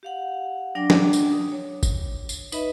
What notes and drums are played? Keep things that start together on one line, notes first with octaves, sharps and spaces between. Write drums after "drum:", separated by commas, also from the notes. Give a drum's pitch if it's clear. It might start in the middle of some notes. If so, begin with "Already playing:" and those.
G4 F5 F#5
F#3 D4 D5 G5 D6
drum: snare
drum: tambourine
D#6
C#5
drum: kick, tambourine
drum: tambourine
D#4 B4 D#5 E5 B5, drum: tambourine